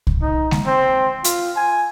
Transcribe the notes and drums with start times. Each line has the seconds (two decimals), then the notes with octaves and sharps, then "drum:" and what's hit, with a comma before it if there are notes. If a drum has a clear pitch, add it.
0.07 drum: kick C2
0.22 D#4
0.51 drum: snare G#3
0.67 C4
1.24 F4, drum: hi-hat
1.56 G#5